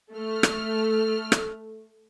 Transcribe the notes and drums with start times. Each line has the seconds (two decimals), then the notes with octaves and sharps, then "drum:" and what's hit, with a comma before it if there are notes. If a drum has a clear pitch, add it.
0.14 A3 F6
0.43 drum: rim click
1.32 drum: rim click